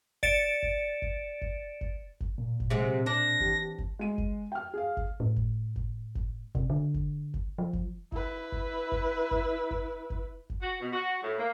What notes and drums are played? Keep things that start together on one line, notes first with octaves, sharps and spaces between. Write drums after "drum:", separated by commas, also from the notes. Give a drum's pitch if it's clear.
D5 A6 C#7 D7 E7, drum: kick F#1
drum: kick F#1
drum: kick F#1
drum: kick F#1
drum: kick F#1
drum: kick F#1
A#2
drum: kick F#1
C3 F#3 G#3
D4 A#6
E3 G4, drum: kick F#1
drum: kick F#1
G#3 D#7
drum: kick F#1
G5 F6
G#4 F5
drum: kick F#1
A2
drum: kick F#1
drum: kick F#1
drum: kick F#1
C3, drum: kick F#1
D3
drum: kick F#1
drum: kick F#1
F3
drum: kick F#1
E4 B4, drum: kick F#1
drum: kick F#1
drum: kick F#1
drum: kick F#1
drum: kick F#1
drum: kick F#1
drum: kick F#1
F#4
B2
F#4
A2
A#3